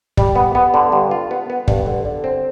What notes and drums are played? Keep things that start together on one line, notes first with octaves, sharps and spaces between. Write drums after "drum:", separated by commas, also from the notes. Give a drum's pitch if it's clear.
G3, drum: kick
B3
B3
D3
G2
F4
B3
B3
G2, drum: kick
D3
D3
C4